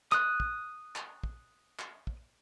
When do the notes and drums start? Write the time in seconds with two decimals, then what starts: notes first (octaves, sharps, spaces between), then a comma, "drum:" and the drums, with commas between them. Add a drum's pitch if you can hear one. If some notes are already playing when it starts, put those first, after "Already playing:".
0.12 D#6 F#6, drum: clap
0.40 drum: kick
0.96 drum: clap
1.24 drum: kick
1.79 drum: clap
2.07 drum: kick